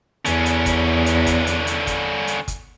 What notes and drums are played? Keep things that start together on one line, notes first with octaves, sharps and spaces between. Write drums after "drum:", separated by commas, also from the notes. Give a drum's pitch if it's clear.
E2 D3 C#4, drum: hi-hat
drum: hi-hat
drum: kick G1, hi-hat
drum: hi-hat
drum: kick G1, hi-hat
drum: hi-hat
drum: hi-hat
drum: kick G1, hi-hat
drum: hi-hat
drum: kick G1, hi-hat